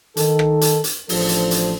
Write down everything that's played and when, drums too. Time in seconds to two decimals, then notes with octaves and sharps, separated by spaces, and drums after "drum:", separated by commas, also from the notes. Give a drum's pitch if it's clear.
0.17 D#3 A4, drum: hi-hat
0.39 drum: rim click
0.61 drum: hi-hat
0.84 drum: hi-hat
1.09 A1 F3 D4 A4 C5, drum: open hi-hat
1.29 drum: hi-hat
1.51 drum: hi-hat